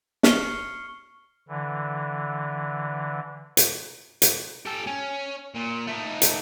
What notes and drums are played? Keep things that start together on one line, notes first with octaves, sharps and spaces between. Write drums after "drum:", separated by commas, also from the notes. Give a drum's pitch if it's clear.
C#6 F6 C7 C#7 G7, drum: snare
D3 E3
drum: hi-hat
drum: hi-hat
G4 A4
C#4
A#2
A3 D#4
drum: hi-hat